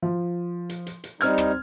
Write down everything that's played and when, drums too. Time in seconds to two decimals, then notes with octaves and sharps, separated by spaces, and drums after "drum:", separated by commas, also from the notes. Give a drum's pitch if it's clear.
0.02 F3
0.69 drum: hi-hat
0.87 drum: hi-hat
1.04 drum: hi-hat
1.21 G3 C4 D#4 F6 G#6, drum: hi-hat
1.38 drum: rim click